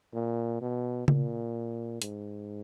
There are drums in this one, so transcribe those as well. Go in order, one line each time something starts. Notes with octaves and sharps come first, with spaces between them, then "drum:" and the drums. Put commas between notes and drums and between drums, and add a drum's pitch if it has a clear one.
A#2
B2
A#2, drum: tom C#3
G#2, drum: hi-hat